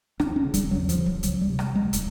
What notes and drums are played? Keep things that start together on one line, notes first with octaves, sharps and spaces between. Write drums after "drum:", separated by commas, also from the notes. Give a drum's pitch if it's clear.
D2 D4, drum: rim click
C#4
C#3
G3, drum: kick, hi-hat
E2 F#3
F3, drum: hi-hat
C#3
F#3, drum: kick
C#2 F#3, drum: hi-hat
G3
C3
G3, drum: rim click
C#2 G#3
drum: kick, hi-hat